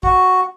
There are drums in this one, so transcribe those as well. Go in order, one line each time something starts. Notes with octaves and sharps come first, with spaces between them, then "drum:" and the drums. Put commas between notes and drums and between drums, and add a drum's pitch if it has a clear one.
F#4, drum: kick